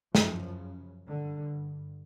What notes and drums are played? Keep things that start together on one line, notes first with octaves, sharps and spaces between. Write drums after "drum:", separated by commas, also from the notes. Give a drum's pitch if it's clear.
F#2 C#3 F3, drum: snare
G2 D3